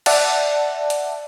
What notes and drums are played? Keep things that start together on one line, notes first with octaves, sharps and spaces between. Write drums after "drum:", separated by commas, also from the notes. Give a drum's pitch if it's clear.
D5 E5 F#5 A5, drum: cymbal
drum: hi-hat